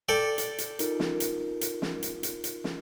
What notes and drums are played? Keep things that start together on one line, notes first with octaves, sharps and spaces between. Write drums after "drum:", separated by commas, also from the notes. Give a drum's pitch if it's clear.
A4 D5 G5
drum: hi-hat
drum: hi-hat
D#4 F4 A#4, drum: hi-hat
drum: snare
drum: hi-hat
drum: hi-hat
drum: snare
drum: hi-hat
drum: hi-hat
drum: hi-hat
drum: snare